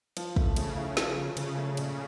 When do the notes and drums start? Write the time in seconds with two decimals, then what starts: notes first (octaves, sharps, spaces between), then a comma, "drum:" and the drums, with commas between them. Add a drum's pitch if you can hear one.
0.17 F3, drum: cymbal
0.36 A3, drum: kick
0.56 C#3 A3, drum: cymbal
0.77 E4
0.97 F3, drum: snare
1.17 F3
1.37 C#3 F3, drum: cymbal
1.58 A3
1.77 A#1, drum: cymbal